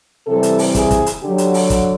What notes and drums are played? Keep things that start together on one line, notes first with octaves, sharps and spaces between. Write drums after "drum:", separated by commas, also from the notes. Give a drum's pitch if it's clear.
C3 E3 G3 A4
drum: hi-hat
drum: open hi-hat
G#4, drum: kick, hi-hat
drum: kick, hi-hat
drum: hi-hat
D3 F#3 G4
drum: hi-hat
drum: open hi-hat
drum: kick, hi-hat